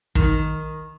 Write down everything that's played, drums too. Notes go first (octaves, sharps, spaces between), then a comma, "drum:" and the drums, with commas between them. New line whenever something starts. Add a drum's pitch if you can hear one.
D#3, drum: kick